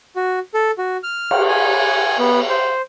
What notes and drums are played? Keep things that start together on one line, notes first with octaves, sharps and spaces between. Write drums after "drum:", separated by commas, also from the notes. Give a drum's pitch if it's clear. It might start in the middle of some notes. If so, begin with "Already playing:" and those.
F#4
A4
F#4
F6
drum: cymbal
G#5
B3
C5